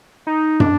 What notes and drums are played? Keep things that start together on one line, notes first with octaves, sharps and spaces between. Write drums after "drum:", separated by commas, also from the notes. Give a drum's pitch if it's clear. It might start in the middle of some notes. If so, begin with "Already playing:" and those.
D#4
D4, drum: tom